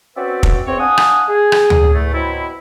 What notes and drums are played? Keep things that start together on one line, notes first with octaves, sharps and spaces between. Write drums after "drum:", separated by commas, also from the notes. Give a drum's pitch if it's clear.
C4 C#4 F#4 B4 D5 E5
drum: kick
E2 C4 C#5
D4 F5 F#5 G#5 D#6
drum: rim click
G#4
drum: rim click
drum: tom D2
E2 A3
B2 F#3 C4 E4